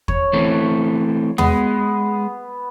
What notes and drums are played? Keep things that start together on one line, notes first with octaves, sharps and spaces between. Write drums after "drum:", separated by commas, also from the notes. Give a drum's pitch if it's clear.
C#5, drum: kick
E3 A3 C4
G#3 B3, drum: tom